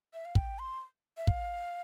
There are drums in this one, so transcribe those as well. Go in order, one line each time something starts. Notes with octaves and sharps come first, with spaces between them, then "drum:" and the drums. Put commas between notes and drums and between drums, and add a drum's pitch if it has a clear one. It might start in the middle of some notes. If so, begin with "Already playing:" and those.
E5
F5
G5, drum: kick
C6
E5
F5, drum: kick